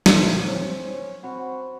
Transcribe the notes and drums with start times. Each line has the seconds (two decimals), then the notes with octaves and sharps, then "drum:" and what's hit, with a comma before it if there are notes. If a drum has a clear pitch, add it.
0.06 A#2 E3 A3 E4, drum: snare
0.46 C4 C#4 C5 C#5
1.23 C4 F#4 F#5 B5 C#6